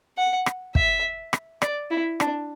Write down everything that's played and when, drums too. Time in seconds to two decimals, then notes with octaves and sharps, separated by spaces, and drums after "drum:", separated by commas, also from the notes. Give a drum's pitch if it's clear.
0.18 F#5
0.46 drum: rim click
0.75 E5, drum: kick
1.33 drum: rim click
1.62 D5, drum: rim click
1.91 E4
2.20 D4, drum: rim click